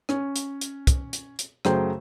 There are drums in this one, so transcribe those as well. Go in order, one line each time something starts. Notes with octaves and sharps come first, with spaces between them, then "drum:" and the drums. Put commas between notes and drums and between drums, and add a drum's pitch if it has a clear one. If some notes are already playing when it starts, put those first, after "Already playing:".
C#4, drum: rim click
drum: hi-hat
drum: hi-hat
drum: kick, hi-hat
drum: hi-hat
drum: hi-hat
F#2 C#3 F#3 A3 C5 G5, drum: rim click